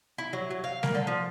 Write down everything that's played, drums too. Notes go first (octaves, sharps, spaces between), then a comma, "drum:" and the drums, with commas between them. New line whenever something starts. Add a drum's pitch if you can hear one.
E4
F#3
F#3
F5
A#3, drum: snare G3
D3
F3